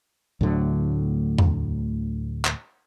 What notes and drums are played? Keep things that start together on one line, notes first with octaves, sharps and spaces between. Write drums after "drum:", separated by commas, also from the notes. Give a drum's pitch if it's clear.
D2 A2 D3 F#3
drum: tom E2
drum: clap